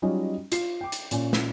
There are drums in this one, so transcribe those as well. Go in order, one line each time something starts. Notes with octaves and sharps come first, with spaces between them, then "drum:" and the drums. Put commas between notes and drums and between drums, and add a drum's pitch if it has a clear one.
F#3 G3 C#4 D#4 F4 D#5
F4 C7, drum: hi-hat
G5 D6
drum: hi-hat
A#2 C#4, drum: hi-hat
drum: snare